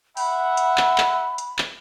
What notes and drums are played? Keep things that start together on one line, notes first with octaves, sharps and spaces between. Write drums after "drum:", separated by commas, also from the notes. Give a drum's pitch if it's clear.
E5 F#5 B5, drum: open hi-hat
drum: hi-hat
drum: clap
drum: clap
drum: hi-hat
drum: clap